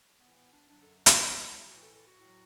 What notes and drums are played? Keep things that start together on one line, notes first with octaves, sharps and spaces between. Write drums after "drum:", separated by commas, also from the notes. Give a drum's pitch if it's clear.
A2 E3 B3
B3
D4
F#2 D3 F#3 D4
A4
E4, drum: hi-hat
D2 D3 F#3
A2 E3 F#4
A4
A4
F#4
A2 F#3